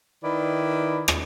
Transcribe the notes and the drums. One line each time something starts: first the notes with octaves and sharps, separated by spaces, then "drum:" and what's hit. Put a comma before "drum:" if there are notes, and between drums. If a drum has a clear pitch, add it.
D#3 E4 B4 D5
drum: rim click